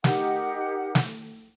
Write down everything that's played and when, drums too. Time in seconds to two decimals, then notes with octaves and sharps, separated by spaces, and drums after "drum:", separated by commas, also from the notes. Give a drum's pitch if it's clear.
0.04 D#4 G4 A#4 F#5, drum: snare
0.95 drum: snare